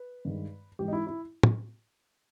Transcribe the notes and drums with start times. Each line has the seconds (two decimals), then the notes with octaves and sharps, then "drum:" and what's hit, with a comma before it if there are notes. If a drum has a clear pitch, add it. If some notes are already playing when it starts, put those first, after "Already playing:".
Already playing: B4
0.25 G2 D#3 G#3
0.79 G#2 E3 G#3 G4
0.88 D#4
0.93 E4
1.07 E4
1.43 drum: tom